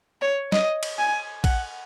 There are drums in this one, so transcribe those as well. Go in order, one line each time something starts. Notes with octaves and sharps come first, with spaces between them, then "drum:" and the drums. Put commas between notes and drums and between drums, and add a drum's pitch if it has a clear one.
C#5
D#5, drum: snare
drum: cymbal
G#5
F#5, drum: kick A#1, cymbal